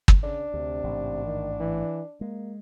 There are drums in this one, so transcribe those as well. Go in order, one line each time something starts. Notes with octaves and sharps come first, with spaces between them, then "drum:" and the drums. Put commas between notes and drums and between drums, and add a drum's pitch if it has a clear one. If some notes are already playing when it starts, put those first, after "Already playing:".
drum: kick
C#3 D4
D2 C3
A1 G#2
D#3
E3
G#3 A#3